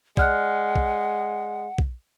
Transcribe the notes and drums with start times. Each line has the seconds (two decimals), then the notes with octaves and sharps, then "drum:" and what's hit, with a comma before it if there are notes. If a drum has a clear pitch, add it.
0.17 G#3 D5 F#5 F6 F#6, drum: kick
0.75 drum: kick
1.78 drum: kick